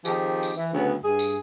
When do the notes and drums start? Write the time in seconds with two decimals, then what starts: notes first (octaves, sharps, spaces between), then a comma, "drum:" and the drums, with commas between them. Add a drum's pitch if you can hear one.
0.05 D#3 F3 C4 D#4 G4 G#4, drum: tambourine
0.43 drum: tambourine
0.56 E3
0.73 D2 C#3 F#3 B3
1.03 G2 G#4
1.19 drum: tambourine